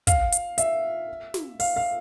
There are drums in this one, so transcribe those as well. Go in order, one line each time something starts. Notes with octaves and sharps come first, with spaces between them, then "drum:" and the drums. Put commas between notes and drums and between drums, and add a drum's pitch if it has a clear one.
F5, drum: kick, hi-hat
drum: hi-hat
E5, drum: hi-hat
drum: snare
F5, drum: open hi-hat
F5